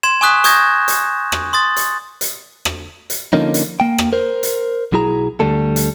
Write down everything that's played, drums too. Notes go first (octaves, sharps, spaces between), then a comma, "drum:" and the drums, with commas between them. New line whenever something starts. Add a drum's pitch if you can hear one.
C6 G#6 E7
G#5 C#6 D#6 F#6 B6
C#6 D#6 G6 G#6 A#6, drum: hi-hat
drum: hi-hat
drum: rim click
C6 D#6 A6
drum: hi-hat
drum: hi-hat
drum: rim click
drum: hi-hat
D3 F3 A#3 C#4 D#4
drum: hi-hat
A#3 G5
drum: rim click
A#4 C5
drum: hi-hat
B1 F#3 E4 G#4 A#5
D2 D3 G3 A3 A4
drum: hi-hat